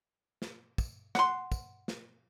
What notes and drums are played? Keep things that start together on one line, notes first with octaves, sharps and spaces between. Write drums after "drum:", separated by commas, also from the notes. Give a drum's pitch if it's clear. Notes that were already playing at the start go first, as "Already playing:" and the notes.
drum: snare
drum: kick, tambourine
F#5 C6, drum: snare
drum: kick, tambourine
drum: snare